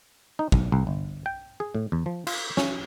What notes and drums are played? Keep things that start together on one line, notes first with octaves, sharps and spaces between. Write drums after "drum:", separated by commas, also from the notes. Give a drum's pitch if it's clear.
D#4
B1, drum: kick
C2
G1
G5
G#4
A2
E2
F3
F4, drum: cymbal
C#4, drum: snare